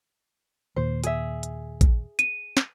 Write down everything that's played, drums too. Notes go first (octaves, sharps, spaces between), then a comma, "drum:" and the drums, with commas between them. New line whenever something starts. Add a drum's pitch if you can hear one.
D#2 A#2 C5
G#4 E5, drum: hi-hat
drum: hi-hat
drum: kick A1, hi-hat
D#7, drum: hi-hat
drum: snare